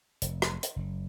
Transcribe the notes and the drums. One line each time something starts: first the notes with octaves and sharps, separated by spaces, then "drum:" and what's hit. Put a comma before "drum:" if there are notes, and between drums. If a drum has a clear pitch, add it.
F1, drum: hi-hat
drum: rim click
drum: hi-hat
F#1